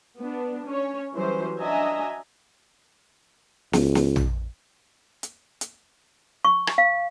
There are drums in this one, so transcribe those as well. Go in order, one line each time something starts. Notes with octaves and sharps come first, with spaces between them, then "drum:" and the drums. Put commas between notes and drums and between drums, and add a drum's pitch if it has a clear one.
B3 D4
C#4 C#5
E3 F#3 G3 C#4 C5
D4 F#4 D#5 E5 G#5 A#5
C#2, drum: snare
drum: snare
drum: tom A#1
drum: hi-hat
drum: hi-hat
C#6
drum: rim click
F5